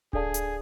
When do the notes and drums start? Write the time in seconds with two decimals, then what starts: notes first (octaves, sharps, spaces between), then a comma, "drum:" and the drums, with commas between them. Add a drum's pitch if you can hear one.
0.13 D4 G#4 A4 D5 F5 A5, drum: kick D1
0.34 drum: hi-hat